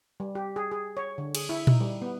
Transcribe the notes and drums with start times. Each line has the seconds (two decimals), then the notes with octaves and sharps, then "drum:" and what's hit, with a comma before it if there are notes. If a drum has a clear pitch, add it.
0.20 G3
0.35 G4
0.56 G#4
0.71 G#4
0.97 C#5
1.18 D3
1.35 G#4, drum: cymbal
1.49 E4
1.67 D#4, drum: tom A#2
1.81 G3
2.02 B3